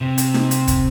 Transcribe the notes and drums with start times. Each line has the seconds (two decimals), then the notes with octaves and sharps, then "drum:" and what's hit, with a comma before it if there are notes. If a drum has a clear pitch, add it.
0.01 C3
0.18 drum: hi-hat
0.34 drum: snare D#4
0.51 drum: hi-hat
0.68 drum: kick, hi-hat